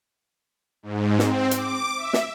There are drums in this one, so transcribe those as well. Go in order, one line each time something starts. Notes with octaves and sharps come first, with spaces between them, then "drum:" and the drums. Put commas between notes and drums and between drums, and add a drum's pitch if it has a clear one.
G#2
C4, drum: snare
D6, drum: hi-hat
E5
drum: snare